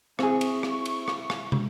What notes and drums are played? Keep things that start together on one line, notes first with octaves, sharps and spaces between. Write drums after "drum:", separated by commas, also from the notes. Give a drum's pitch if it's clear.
C4 E4 G#4 C#6, drum: rim click
drum: cymbal
drum: rim click
drum: cymbal
drum: rim click
drum: rim click
drum: tom